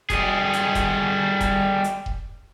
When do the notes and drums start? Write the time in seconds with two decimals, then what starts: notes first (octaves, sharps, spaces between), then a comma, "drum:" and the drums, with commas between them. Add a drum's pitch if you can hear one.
0.10 G3 G#4, drum: kick E1, hi-hat
0.53 drum: hi-hat
0.75 drum: kick E1, hi-hat
1.41 drum: kick E1, hi-hat
1.84 drum: hi-hat
2.06 drum: kick E1